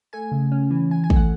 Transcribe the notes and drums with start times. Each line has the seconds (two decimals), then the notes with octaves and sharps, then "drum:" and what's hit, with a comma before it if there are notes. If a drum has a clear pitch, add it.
0.13 A3 G#5
0.32 C#3
0.52 C#4
0.71 E3
0.90 E3 G#5
1.04 G#5
1.10 A3, drum: kick
1.16 F#5